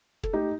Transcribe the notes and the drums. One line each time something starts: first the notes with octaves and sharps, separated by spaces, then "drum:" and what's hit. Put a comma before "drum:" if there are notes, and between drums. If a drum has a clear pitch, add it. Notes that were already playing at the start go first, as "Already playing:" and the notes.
A4, drum: kick
A3 D#4 G4